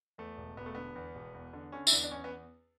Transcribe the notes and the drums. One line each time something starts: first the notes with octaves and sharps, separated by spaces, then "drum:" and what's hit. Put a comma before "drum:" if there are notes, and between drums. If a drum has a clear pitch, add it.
E2 A3
E1
E1 B3
A3
D3 B3
E2
E1
E2
D3
D3 C#4
E4, drum: tambourine
E2 D4
D4
E2 C#4
B3